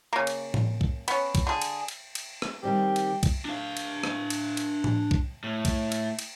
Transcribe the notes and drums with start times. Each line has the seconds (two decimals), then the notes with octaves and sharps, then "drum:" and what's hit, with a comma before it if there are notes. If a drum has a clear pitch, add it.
0.13 C#3 A#3
0.27 drum: cymbal
0.54 drum: tom A2
0.81 drum: kick
1.08 B3 C#4, drum: cymbal
1.35 drum: kick, cymbal
1.47 D3 G#4
1.62 drum: cymbal
1.88 drum: cymbal
2.15 drum: cymbal
2.42 drum: rim click
2.63 D#3 G3 C4 G4
2.96 drum: cymbal
3.23 drum: kick, cymbal
3.45 D4 F5
3.77 drum: cymbal
4.04 drum: rim click
4.30 drum: cymbal
4.57 drum: cymbal
4.84 drum: tom A2
5.11 drum: kick
5.44 A2
5.65 drum: kick, cymbal
5.92 drum: cymbal
6.19 drum: cymbal